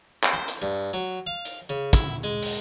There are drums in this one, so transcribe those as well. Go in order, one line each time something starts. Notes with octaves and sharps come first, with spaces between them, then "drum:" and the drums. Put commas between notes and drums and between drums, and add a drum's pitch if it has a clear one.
drum: clap
C5
drum: hi-hat
G2
F#3
F5
drum: hi-hat
C#3
E4, drum: kick, hi-hat
G#3
drum: open hi-hat